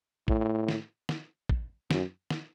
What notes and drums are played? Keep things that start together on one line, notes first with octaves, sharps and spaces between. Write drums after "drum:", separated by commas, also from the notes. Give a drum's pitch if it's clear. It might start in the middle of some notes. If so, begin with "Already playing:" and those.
A2, drum: kick
drum: snare
drum: snare
drum: kick
F#2, drum: snare
drum: snare